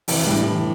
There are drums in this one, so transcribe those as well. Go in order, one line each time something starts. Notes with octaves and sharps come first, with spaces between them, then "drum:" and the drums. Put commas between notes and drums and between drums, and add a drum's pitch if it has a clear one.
C3 E3, drum: open hi-hat
A2 G3 D4
E3